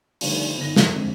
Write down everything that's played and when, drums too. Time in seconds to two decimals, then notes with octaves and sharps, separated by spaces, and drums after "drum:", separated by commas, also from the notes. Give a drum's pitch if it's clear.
0.21 D3 D#3 F3 G3 A3, drum: open hi-hat
0.57 G1 D3 D#4 A#6
0.76 drum: snare
0.92 F2 D3 G#3 C4